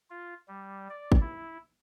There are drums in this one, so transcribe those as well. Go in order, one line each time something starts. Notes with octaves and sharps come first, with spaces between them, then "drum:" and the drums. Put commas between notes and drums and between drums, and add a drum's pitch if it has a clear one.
F4
G3
D5
drum: kick
E4